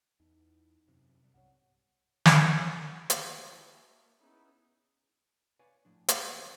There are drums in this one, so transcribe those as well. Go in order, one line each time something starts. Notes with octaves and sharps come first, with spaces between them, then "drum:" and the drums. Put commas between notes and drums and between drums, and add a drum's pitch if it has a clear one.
E2 D#4
F#2 C3
C3 G3
B1 G2 C3 C#5 F#5
drum: snare
B4 F#5
G3 G#3 D4 E4 F4, drum: hi-hat
E4 F#4 E5 G#5 A5
A#3
B3 C#4 D#4 E4 G#4
B4 C#5 D5 F5 G#5
A2 F3 D4
G5, drum: hi-hat
D#3 E3 B3 C4